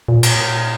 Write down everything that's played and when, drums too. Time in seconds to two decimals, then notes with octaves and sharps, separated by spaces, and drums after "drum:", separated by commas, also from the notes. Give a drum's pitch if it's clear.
0.08 A#2
0.23 drum: cymbal